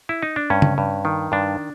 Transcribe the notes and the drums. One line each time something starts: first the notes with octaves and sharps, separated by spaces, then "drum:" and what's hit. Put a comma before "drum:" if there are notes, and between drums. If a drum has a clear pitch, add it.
E4
D#4
D4
G2 C#4
drum: tom C#3
G2
D#3
G2 D4